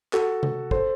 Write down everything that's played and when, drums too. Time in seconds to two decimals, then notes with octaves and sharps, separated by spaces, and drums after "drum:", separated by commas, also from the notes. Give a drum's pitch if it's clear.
0.13 F#4 A4, drum: clap
0.43 drum: tom C3
0.71 A4 C5, drum: kick